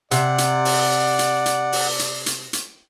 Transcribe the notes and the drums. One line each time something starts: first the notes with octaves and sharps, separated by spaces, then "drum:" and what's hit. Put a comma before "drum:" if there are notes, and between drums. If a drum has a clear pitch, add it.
C3 D5 F#5, drum: hi-hat
drum: hi-hat
drum: open hi-hat
drum: hi-hat
drum: hi-hat
drum: open hi-hat
drum: hi-hat
drum: hi-hat
drum: hi-hat